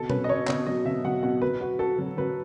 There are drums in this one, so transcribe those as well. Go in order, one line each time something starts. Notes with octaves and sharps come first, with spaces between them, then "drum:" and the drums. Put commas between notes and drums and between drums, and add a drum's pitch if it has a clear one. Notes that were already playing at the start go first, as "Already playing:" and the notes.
Already playing: B2 A4
C#4 B4, drum: tom B2
D#5
B2 C#5
B2 C#5, drum: clap
F#3 D#5
B2 E5
F#3 F#5
B2 F#5
F#3 B4
F#4
F#4 A4
F#3
F#3 B4